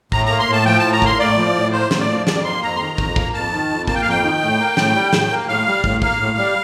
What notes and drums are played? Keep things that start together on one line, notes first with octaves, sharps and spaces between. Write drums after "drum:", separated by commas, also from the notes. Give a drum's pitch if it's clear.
A2 A#5, drum: kick
A#3 A#5
C6
A2 A5
F3 G5
A2 A5
A#5
A#3 C6, drum: kick
A2 D5
F3
A2
A#3 C5
A2, drum: snare
D5
F3
F2 D5, drum: snare
A#3 C6
F2 A#5
C6
D#3 A#5
F2, drum: kick
A#3, drum: kick
F2 A5
D#3
F2
A#3 A5, drum: kick
G5
F5
F2 G5
D#3
A2
A#3
A2, drum: snare
G3
A2, drum: snare
A#3
A2 F5
G3
A2, drum: kick
A#3 F5, drum: kick
A2
G3